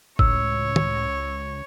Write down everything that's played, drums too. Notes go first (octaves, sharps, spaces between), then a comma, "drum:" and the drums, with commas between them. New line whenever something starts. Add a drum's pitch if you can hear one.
C#2 A2 C#5 E6, drum: kick G1
drum: tom